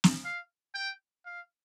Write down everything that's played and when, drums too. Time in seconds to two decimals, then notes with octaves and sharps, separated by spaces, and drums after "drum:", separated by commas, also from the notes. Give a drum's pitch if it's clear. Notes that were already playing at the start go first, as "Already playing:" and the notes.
0.04 drum: snare
0.25 F5
0.74 G5
1.26 F5